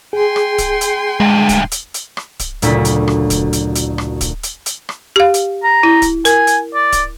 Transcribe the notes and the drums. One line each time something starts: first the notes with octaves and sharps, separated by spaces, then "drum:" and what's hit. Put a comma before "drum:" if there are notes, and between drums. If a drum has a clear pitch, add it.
G#4 G5 G#5 C6
drum: rim click
drum: kick D1, hi-hat
drum: hi-hat
D2 G2 G#3
drum: kick D1, hi-hat
drum: hi-hat
drum: hi-hat
drum: rim click
drum: kick D1, hi-hat
F#1 D2 A#2 E4 E6 B6, drum: hi-hat
drum: hi-hat
drum: rim click
drum: kick D1, hi-hat
drum: hi-hat
drum: hi-hat
drum: rim click
drum: kick D1, hi-hat
drum: hi-hat
drum: hi-hat
drum: rim click
G4 F5
drum: hi-hat
A#5
E4
drum: kick D1, hi-hat
A#4 G#5, drum: hi-hat
drum: hi-hat
D5
drum: kick D1, hi-hat